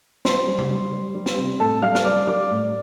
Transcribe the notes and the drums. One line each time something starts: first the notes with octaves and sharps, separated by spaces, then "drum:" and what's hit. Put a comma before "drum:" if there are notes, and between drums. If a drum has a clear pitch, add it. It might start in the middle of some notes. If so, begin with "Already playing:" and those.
G3 C5 C6, drum: snare
G3
drum: tom C3
G3
G3
G3
drum: snare
C3
A2 A4 A5
G3 F5 F6
F6, drum: snare
G3 D5 D6
G3 D5 D6
A2